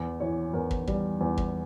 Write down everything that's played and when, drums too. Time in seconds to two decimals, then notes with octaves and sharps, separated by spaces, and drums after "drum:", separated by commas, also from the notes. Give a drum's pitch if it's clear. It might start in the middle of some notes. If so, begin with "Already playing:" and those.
Already playing: E2
0.20 E3 C#5
0.53 E2 A#4
0.71 drum: kick
0.87 G3, drum: kick
1.21 E2
1.37 drum: kick